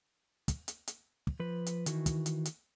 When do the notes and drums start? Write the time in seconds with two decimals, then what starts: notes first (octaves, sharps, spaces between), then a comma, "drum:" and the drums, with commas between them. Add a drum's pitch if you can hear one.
0.48 drum: kick, hi-hat
0.68 drum: hi-hat
0.88 drum: hi-hat
1.27 drum: kick
1.40 F3 B4
1.66 drum: hi-hat
1.86 D#3 E3 F#4, drum: hi-hat
2.06 drum: kick, hi-hat
2.26 drum: hi-hat
2.45 drum: hi-hat